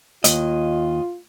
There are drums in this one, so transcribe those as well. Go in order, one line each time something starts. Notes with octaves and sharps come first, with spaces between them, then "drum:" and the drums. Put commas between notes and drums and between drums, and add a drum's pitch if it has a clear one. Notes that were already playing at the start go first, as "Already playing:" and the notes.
D#2 F4 D#5, drum: hi-hat